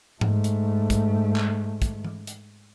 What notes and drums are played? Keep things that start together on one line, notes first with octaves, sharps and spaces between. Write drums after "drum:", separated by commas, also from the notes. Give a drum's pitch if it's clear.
G#2 A3, drum: tom G#2
drum: hi-hat
drum: kick, hi-hat
drum: clap
drum: kick, hi-hat
drum: tom E3
drum: hi-hat